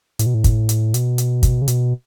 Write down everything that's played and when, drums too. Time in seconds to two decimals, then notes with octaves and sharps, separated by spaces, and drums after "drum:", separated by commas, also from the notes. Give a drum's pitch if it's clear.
0.19 A2, drum: hi-hat
0.26 B2
0.34 A2
0.44 drum: kick, hi-hat
0.69 drum: hi-hat
0.94 B2, drum: hi-hat
1.18 drum: hi-hat
1.43 drum: kick, hi-hat
1.62 C#3
1.68 B2, drum: hi-hat